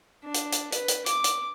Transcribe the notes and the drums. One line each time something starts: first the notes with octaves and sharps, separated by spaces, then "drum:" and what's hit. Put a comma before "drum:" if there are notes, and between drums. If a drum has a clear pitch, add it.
D4
drum: hi-hat
drum: hi-hat
B4, drum: hi-hat
drum: hi-hat
D6, drum: hi-hat
drum: hi-hat